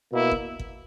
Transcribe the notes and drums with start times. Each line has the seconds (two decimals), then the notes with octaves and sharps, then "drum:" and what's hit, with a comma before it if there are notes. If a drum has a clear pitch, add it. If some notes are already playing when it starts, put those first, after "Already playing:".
0.11 B2 A#3 E4
0.31 drum: kick G1
0.59 drum: kick G1